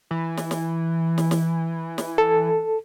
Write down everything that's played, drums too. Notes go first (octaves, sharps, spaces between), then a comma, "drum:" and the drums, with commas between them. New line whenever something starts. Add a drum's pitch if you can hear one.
E3
drum: snare
drum: snare
drum: snare
drum: snare
drum: snare
A4